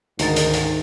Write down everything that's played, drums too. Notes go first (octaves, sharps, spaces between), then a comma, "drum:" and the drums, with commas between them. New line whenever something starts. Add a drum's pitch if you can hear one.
D2 G#2 D#3 D#4 A6, drum: hi-hat
drum: hi-hat
drum: hi-hat